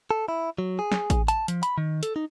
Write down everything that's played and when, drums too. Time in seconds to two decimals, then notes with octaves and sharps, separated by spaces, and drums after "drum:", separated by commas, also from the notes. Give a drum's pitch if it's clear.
0.11 A4
0.28 E4
0.58 F#3
0.79 G#4
0.92 drum: snare
1.10 drum: kick A1, hi-hat
1.28 A5, drum: hi-hat
1.48 F3, drum: hi-hat
1.63 B5, drum: hi-hat
1.78 D#3
2.03 A4, drum: hi-hat
2.16 D#4